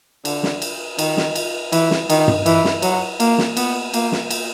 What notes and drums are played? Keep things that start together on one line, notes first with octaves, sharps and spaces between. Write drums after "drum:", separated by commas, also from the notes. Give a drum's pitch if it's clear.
D3, drum: cymbal
drum: snare
drum: cymbal
D#3, drum: cymbal
drum: snare
drum: cymbal
E3, drum: cymbal
drum: snare
D#3, drum: cymbal
drum: tom G2
E3, drum: cymbal
drum: snare
F#3, drum: cymbal
A#3, drum: cymbal
drum: snare
B3, drum: cymbal
A#3, drum: cymbal
drum: snare
drum: cymbal